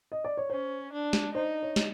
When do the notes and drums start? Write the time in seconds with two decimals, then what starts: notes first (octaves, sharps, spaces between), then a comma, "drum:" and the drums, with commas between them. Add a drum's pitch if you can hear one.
0.12 D#5
0.24 D5
0.37 C#5
0.50 C#4 C5
0.93 D4
1.13 drum: snare
1.35 D#4 C5
1.63 C#5
1.76 drum: snare